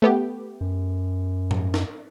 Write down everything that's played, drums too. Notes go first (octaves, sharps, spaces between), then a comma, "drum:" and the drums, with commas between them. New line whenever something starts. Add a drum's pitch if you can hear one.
A3 B3 G4
F#2
drum: tom G#2
drum: snare